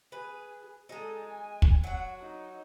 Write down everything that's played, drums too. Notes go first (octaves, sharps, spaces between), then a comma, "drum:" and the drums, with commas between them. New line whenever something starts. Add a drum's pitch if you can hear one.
G#4 B4
G#3 D#4 G#4 A4
G#5
drum: kick
F#3 F#4 F#5
D#4